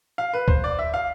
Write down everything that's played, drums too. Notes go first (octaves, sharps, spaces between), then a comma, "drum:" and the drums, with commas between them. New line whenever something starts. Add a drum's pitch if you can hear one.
F5
B4
C5, drum: kick
D5
E5
F5